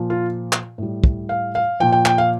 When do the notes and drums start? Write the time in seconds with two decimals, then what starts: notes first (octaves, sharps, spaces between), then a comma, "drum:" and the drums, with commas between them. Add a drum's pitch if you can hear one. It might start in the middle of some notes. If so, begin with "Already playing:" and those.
Already playing: A#2 F3
0.10 F4
0.53 drum: clap
0.78 A2 G3
1.04 drum: kick
1.29 F5
1.55 F5
1.80 A#2 F3 G5
1.92 G5
2.05 G5, drum: clap
2.18 F5